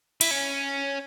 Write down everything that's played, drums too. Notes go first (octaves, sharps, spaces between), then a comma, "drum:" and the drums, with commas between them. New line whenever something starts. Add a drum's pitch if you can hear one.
E4, drum: cymbal
C#4